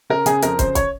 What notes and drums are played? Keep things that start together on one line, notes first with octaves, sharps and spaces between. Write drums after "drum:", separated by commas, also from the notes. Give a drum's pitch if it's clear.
C#3 A#4
C#3 G#4, drum: hi-hat
F2 A#4, drum: hi-hat
C#3 C5, drum: kick, hi-hat
C#5, drum: kick, hi-hat